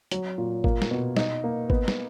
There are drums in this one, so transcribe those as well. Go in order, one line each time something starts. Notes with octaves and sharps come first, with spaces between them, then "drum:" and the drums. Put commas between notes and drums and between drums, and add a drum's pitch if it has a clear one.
F#3, drum: hi-hat
A#2
A#3, drum: kick G#1
drum: snare
B2
D#4, drum: snare
A#3
B3, drum: kick G#1
drum: snare